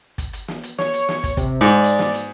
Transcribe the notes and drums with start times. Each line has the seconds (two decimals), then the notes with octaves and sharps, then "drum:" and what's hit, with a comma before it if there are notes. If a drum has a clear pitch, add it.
0.18 drum: kick, hi-hat
0.33 drum: hi-hat
0.48 drum: snare
0.63 drum: hi-hat
0.78 C#5, drum: snare
0.94 drum: hi-hat
1.09 drum: snare
1.24 drum: kick, hi-hat
1.37 C3, drum: kick, hi-hat
1.61 G#2 D5
1.84 drum: hi-hat
1.99 drum: snare
2.14 drum: hi-hat